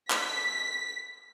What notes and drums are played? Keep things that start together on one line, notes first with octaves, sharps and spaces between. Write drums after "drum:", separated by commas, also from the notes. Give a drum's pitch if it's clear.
B6, drum: clap